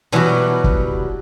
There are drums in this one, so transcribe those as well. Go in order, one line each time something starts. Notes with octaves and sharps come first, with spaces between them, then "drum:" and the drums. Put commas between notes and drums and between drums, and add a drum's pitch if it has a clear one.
B2 E3 F#3 G3 F#4
drum: kick